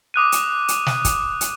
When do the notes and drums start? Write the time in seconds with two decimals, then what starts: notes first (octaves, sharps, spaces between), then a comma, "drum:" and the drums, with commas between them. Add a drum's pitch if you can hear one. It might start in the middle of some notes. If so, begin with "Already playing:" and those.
0.14 D6 D#6 F#6 D#7
0.32 drum: hi-hat
0.68 drum: hi-hat
0.86 drum: snare
1.05 drum: kick, hi-hat
1.41 drum: hi-hat